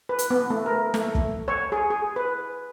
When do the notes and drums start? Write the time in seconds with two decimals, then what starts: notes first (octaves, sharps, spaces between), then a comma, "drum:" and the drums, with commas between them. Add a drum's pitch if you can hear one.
0.09 B4
0.19 drum: hi-hat
0.30 B3
0.50 A3
0.66 A#4
0.94 A3, drum: snare
1.15 drum: kick
1.48 C#5
1.72 G#4
1.90 G#4
2.16 B4